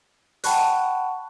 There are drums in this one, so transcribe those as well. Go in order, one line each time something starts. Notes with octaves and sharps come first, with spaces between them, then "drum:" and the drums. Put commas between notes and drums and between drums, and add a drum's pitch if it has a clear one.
F#5 G5 A5 B5 C#6 F#6, drum: hi-hat